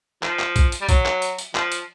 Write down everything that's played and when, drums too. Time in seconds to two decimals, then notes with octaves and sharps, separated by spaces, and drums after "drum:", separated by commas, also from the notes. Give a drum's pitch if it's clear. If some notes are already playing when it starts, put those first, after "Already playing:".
0.23 F3, drum: clap
0.39 drum: clap
0.56 drum: kick A#1, hi-hat
0.72 drum: hi-hat
0.82 G3
0.89 F#3, drum: kick A#1, hi-hat
1.05 drum: clap
1.22 drum: hi-hat
1.38 drum: hi-hat
1.55 F3, drum: clap
1.72 drum: hi-hat